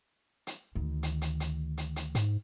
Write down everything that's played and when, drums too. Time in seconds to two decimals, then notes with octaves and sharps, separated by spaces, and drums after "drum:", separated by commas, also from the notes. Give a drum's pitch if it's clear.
0.47 drum: hi-hat
0.75 D2 D#3
1.03 drum: hi-hat
1.21 drum: hi-hat
1.40 drum: hi-hat
1.77 drum: hi-hat
1.96 drum: hi-hat
2.15 G#2, drum: hi-hat